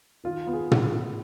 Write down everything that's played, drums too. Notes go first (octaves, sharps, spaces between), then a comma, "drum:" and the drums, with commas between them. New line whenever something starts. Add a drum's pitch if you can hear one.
D#3 F4
B3
G#4
drum: tom